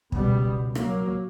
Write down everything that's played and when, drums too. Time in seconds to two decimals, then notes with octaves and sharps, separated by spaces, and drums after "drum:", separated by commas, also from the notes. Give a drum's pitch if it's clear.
0.12 C#2 B2 G3 B3, drum: kick
0.75 F#3 A#3, drum: rim click